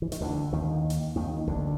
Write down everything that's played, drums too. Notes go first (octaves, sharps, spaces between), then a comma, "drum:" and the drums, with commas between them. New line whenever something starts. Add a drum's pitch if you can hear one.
E3
D#3, drum: hi-hat
D2 D3
D#2 D#3
drum: hi-hat
D#2 D#3
D2 D3, drum: kick F#1